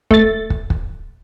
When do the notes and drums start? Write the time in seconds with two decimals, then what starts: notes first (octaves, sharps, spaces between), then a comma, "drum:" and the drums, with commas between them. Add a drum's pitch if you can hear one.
0.11 A3 A6, drum: kick
0.50 drum: kick
0.70 drum: kick